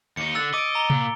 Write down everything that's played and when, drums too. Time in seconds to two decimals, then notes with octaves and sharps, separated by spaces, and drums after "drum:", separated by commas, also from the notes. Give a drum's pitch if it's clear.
0.17 D#2 D#4 C#7
0.35 D3 E6 A6
0.54 D#5 D6 D7
0.75 A#5 G7
0.90 A#2, drum: tom C3